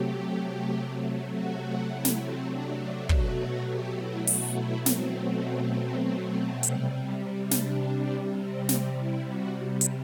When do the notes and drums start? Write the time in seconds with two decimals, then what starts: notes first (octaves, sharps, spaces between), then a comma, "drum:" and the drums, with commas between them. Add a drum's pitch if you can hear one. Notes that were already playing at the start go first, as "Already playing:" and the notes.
Already playing: C3 F#3 A3 G4
1.32 F#4
1.62 F#4
1.91 E4
2.05 drum: snare
2.21 C4
2.50 D4
2.80 D4
3.09 B2 F#3 A3 F#4, drum: kick
3.39 F#4
3.68 G4
3.98 E4
4.27 F#4, drum: open hi-hat
4.57 E4
4.86 C4, drum: snare
6.63 C3 G3, drum: hi-hat
7.51 D4, drum: snare
8.39 C4
8.69 C4, drum: snare
8.98 E4
9.28 F#4
9.81 drum: hi-hat